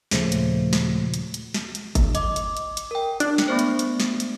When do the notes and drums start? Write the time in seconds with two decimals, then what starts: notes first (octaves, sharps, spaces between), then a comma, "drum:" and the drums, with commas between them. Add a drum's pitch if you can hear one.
0.11 D#2 A#2 C#3 F3 A3, drum: snare
0.32 drum: hi-hat
0.73 drum: snare
1.14 drum: hi-hat
1.34 drum: hi-hat
1.54 drum: snare
1.75 drum: hi-hat
1.95 drum: kick G1, hi-hat
2.15 D#5 D6, drum: hi-hat
2.36 drum: hi-hat
2.57 drum: hi-hat
2.77 drum: hi-hat
2.91 A#4 G5
3.20 D4, drum: hi-hat
3.38 drum: snare
3.48 A3 B3 C5
3.59 drum: hi-hat
3.79 drum: hi-hat
4.00 drum: snare
4.20 drum: hi-hat